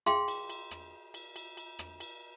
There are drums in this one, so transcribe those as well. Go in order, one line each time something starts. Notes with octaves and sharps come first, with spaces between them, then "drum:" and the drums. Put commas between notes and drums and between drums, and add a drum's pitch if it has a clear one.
G#4 F5 G5 C6, drum: rim click
drum: cymbal
drum: cymbal
drum: rim click
drum: cymbal
drum: cymbal
drum: cymbal
drum: rim click
drum: cymbal